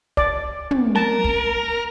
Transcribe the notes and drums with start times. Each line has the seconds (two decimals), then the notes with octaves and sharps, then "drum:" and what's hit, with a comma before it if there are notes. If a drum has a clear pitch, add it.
0.17 D5, drum: kick
0.71 drum: tom
0.96 A#4 A5
1.24 drum: kick